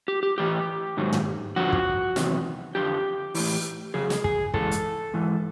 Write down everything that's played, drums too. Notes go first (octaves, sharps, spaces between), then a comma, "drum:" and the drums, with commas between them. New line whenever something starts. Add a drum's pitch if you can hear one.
G4
G4
A2 E3 G4
G#2 D#3 F#3
drum: tom
F2 D3 F3 F#4
drum: kick
E2 C3 D#3 F#3, drum: snare
F2 D3 F3 G4
E3, drum: open hi-hat
A2
F2 C#3 F#3 G#4
drum: snare
G#4, drum: kick
G#2 E3 A4, drum: kick
drum: hi-hat
G#2 E3